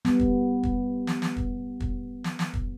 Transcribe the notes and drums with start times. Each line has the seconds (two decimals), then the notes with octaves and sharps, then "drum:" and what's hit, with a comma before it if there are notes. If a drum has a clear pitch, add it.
0.05 G3 B3, drum: snare
0.19 drum: kick
0.63 drum: kick
1.07 drum: snare
1.22 drum: snare
1.37 drum: kick
1.80 drum: kick
2.24 drum: snare
2.39 drum: snare
2.54 drum: kick